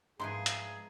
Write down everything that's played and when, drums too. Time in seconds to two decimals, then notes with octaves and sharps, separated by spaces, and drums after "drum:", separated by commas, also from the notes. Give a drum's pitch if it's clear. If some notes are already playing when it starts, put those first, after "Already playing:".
0.20 G#2 F3 B3 D#4 E4 G#4 C6
0.46 drum: hi-hat